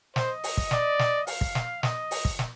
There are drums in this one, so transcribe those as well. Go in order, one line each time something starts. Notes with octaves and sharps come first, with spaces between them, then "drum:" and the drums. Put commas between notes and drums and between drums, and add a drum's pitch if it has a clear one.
C5 D#5, drum: snare
drum: open hi-hat
drum: kick
D5, drum: snare
drum: snare
F5, drum: open hi-hat
drum: kick
drum: snare
D#5, drum: snare
drum: open hi-hat
drum: kick
drum: snare